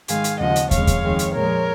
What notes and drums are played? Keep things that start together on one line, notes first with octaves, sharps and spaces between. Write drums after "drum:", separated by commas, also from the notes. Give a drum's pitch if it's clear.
G#2 D#3 G#3 F5 G#5, drum: hi-hat
drum: hi-hat
D#2 C#3 F3 D#5 F#5
drum: hi-hat
F2 C#3 F3 G#3 C#5 F5, drum: kick, hi-hat
drum: kick, hi-hat
F2 D#3 G#3
drum: hi-hat
A#2 F3 G#3 A#4 C#5